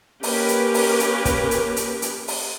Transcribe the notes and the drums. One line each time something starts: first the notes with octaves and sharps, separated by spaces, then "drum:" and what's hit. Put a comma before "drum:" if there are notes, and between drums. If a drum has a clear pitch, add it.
A#3 C#4 G4 A#4 B4, drum: open hi-hat
drum: hi-hat
drum: open hi-hat
drum: hi-hat
drum: kick, hi-hat
drum: hi-hat
drum: hi-hat
drum: hi-hat
drum: open hi-hat